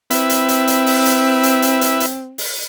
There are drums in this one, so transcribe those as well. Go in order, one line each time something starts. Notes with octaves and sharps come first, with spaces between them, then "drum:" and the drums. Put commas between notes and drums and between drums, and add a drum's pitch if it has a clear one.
C4 E4 B4 E5, drum: hi-hat
drum: hi-hat
drum: hi-hat
drum: hi-hat
drum: open hi-hat
drum: hi-hat
drum: hi-hat
drum: hi-hat
drum: hi-hat
drum: hi-hat
drum: open hi-hat